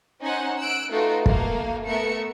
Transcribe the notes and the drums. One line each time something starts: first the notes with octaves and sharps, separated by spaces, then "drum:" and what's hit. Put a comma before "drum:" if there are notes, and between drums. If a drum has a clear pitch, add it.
C#4 D#4 C5 F#5 G#5
E6 F#6 D7
A3 D#4 F4 F#4 A4 B4
A3 A#3 F5, drum: kick
A3 B3 A#4 E5 C#7